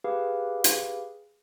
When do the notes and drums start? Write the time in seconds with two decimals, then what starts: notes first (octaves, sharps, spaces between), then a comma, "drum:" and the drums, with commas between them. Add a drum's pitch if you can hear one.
0.04 G4 G#4 B4 F5
0.64 drum: hi-hat